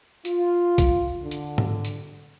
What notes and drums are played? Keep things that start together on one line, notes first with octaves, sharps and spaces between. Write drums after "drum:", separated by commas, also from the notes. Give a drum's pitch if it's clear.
F4, drum: hi-hat
drum: kick, hi-hat
D3
drum: hi-hat
drum: tom G#2
drum: hi-hat